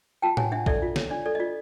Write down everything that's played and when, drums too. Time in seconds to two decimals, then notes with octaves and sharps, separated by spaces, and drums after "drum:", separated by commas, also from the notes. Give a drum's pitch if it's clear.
0.22 F4 G5 A5
0.37 C#5 F#5 G#5, drum: tom A2
0.52 D4 E5 F#5
0.66 A4 D5 E5, drum: kick
0.82 F4
0.96 C#5, drum: snare
1.11 D4 D5
1.26 A4 D5
1.35 D#5
1.40 F4 D5